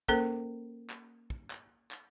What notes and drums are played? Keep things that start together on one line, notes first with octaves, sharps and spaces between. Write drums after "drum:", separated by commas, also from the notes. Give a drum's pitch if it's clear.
A#3 C#4 A4 A#4 C5, drum: kick
drum: clap
drum: kick
drum: clap
drum: clap